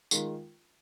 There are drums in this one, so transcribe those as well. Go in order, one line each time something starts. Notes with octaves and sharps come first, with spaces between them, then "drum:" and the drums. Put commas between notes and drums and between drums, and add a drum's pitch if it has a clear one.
D#3 G#3 F4 A#4, drum: tambourine